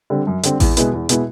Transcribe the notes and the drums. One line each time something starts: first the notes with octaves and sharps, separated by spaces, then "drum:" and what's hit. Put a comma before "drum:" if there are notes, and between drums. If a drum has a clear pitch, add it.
D3 G3 C4
F#2
D3 G3 C4, drum: hi-hat
E2, drum: kick A1, open hi-hat
B2 G#3 B3 E4, drum: hi-hat
E2
B2 G#3 B3 E4, drum: hi-hat